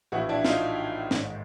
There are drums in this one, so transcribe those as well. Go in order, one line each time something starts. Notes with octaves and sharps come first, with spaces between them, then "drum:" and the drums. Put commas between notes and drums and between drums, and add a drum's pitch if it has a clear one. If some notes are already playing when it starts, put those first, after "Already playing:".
A#1 A2 E3 E4 F#4
D4 E4
D#4 F4, drum: snare
A1 G#2 D#3, drum: snare